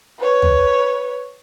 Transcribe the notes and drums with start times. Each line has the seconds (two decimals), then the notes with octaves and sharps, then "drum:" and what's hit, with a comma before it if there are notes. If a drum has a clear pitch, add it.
0.19 B4 C#5
0.42 drum: tom